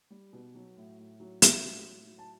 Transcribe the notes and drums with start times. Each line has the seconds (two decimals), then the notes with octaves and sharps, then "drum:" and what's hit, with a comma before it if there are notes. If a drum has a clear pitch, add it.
0.10 G3
0.33 B2
0.55 F#3
0.77 A2
0.98 A2
1.20 F#3
1.42 F#3 E5, drum: hi-hat
1.64 A2
1.85 A2
2.07 F#3
2.18 A5